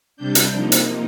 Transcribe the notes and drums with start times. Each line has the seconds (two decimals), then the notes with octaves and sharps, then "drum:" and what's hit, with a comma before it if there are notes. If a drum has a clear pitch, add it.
0.17 C3 G3 D4 G6
0.35 drum: hi-hat
0.53 C3 F3 A#3 D#4
0.72 drum: hi-hat